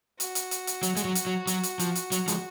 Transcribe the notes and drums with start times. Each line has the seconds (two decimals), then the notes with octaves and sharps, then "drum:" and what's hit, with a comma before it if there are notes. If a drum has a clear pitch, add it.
0.20 F#4, drum: hi-hat
0.35 drum: hi-hat
0.51 drum: hi-hat
0.67 drum: hi-hat
0.83 F#3, drum: hi-hat
0.97 G#3, drum: hi-hat
1.05 F#3
1.15 drum: hi-hat
1.27 F#3
1.47 F#3, drum: hi-hat
1.63 drum: hi-hat
1.79 F3, drum: hi-hat
1.95 drum: hi-hat
2.12 F#3, drum: hi-hat
2.28 F3 G#3, drum: hi-hat